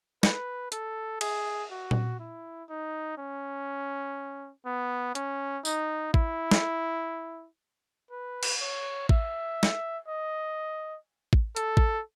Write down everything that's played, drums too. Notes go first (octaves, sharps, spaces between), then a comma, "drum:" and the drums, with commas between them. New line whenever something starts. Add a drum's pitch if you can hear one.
B4, drum: snare
A4, drum: hi-hat
G#4, drum: cymbal
F#4
drum: tom A#2
E4
D#4
C#4
B3
C#4, drum: hi-hat
D#4, drum: tambourine
E4, drum: kick A1
drum: snare
B4
drum: cymbal
C#5
E5, drum: kick A1
drum: snare
D#5
drum: kick A1
A4, drum: hi-hat
drum: kick A1